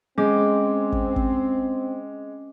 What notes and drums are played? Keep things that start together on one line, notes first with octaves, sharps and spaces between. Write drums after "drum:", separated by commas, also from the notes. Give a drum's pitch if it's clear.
G#3 C4 C#4 D6
drum: kick
drum: kick